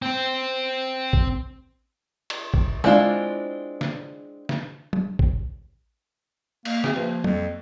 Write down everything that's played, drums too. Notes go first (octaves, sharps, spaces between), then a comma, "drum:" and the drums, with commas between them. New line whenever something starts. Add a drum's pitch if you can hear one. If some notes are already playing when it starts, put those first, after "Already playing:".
C4 C5
drum: kick A1
drum: cymbal
drum: kick A1
G#3 C4 D4 E4 F4, drum: snare
drum: snare
drum: snare
drum: tom
drum: kick A1
A#3, drum: cymbal
C4 F#4 G#4 E5, drum: snare
F3 A#3 B4
F2, drum: tom